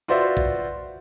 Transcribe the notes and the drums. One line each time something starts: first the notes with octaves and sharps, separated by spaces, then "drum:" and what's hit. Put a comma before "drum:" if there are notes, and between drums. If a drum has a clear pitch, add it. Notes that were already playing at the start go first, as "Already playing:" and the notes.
F4 F#4 B4 C5 D5 E5
drum: kick A#1